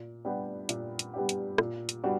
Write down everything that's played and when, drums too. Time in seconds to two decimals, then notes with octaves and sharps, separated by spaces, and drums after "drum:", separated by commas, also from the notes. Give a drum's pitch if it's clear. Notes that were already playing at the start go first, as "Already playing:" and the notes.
Already playing: A#2
0.25 G3 B3 D4 G4
0.69 A#2, drum: hi-hat
0.99 drum: hi-hat
1.14 G3 B3 D4 G4
1.29 drum: hi-hat
1.58 A#2, drum: rim click
1.89 drum: hi-hat
2.04 G3 B3 D4 F#4